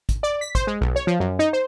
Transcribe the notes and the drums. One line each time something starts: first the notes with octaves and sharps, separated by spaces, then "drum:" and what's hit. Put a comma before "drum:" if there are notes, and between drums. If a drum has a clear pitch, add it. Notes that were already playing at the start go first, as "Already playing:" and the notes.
drum: kick, hi-hat
D5
B6
C5, drum: kick, hi-hat
G#3
B1
C#5
F3
F#2
D#4
C5